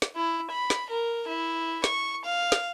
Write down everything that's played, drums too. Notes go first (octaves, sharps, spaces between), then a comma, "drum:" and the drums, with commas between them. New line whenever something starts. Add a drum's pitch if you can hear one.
drum: snare
E4
B5
drum: snare
A#4
E4
C#6, drum: snare
F5
drum: snare